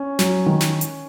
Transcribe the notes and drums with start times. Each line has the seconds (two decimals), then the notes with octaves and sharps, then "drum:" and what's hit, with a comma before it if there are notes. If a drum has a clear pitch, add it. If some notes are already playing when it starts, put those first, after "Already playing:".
Already playing: C#4
0.19 F#3, drum: snare
0.46 D#3
0.60 drum: snare
0.81 drum: hi-hat